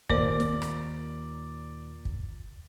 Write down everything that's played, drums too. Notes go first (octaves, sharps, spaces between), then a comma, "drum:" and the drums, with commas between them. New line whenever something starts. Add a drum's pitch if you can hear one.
D#2 A#2 A#3 A#4 C5 D5, drum: kick
drum: snare
drum: rim click
drum: kick